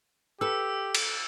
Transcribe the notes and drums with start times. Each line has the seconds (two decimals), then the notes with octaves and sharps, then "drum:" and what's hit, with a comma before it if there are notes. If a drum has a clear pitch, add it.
0.41 G4 A4 B4 E6
0.95 drum: cymbal